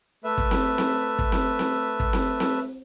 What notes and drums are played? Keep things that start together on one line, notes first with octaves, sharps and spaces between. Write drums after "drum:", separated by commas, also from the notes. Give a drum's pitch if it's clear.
A3 B4 E5
drum: kick
drum: snare C4
drum: snare C4
drum: kick
drum: snare C4
drum: snare C4
drum: kick
drum: snare C4
drum: snare C4